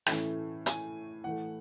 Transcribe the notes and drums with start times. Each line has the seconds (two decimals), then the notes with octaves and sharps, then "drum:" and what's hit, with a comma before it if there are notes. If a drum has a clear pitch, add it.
0.06 A2 E3 A3 C#4 E4, drum: rim click
0.66 G#5, drum: hi-hat
1.24 A2 E3 A3 F#5